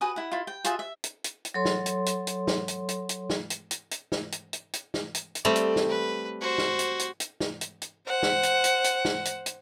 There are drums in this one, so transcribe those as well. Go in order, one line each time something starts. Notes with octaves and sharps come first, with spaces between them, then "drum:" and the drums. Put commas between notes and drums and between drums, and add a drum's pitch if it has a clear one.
F#4 B4 G#5 D#6
E4 F#5
E4 F4
G5
F4 F#4 G#4 E5, drum: hi-hat
E5
drum: hi-hat
drum: hi-hat
drum: hi-hat
F#3 A4 C#5 C6
drum: snare
drum: hi-hat
drum: hi-hat
drum: hi-hat
drum: snare
drum: hi-hat
drum: hi-hat
drum: hi-hat
drum: snare
drum: hi-hat
drum: hi-hat
drum: hi-hat
drum: snare
drum: hi-hat
drum: hi-hat
drum: hi-hat
drum: snare
drum: hi-hat
drum: hi-hat
G3 A3 C4 D5
drum: hi-hat
drum: snare
B4
F#4 C5
drum: snare
drum: hi-hat
drum: hi-hat
drum: hi-hat
drum: snare
drum: hi-hat
drum: hi-hat
C5 F#5
drum: snare
drum: hi-hat
drum: hi-hat
drum: hi-hat
drum: snare
drum: hi-hat
drum: hi-hat